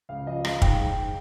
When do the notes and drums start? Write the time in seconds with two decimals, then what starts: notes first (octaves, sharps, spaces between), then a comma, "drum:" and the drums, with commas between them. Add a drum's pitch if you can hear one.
0.09 C#2 F5
0.26 F3 D#5
0.45 G#3 F5, drum: rim click
0.62 G#2 G5, drum: kick
0.79 G#3